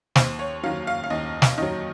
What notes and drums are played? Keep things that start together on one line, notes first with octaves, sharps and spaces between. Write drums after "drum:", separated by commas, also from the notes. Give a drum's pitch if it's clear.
D#2 C5, drum: snare
C#5
D#3 F#3 F5
F5
F5
D#2 D#5
drum: snare
D#3 F#3 D#5